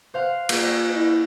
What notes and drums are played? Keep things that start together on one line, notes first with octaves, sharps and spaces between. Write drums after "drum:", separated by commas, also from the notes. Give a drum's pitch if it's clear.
C5 F5 F#5
A#3 F4, drum: cymbal
E4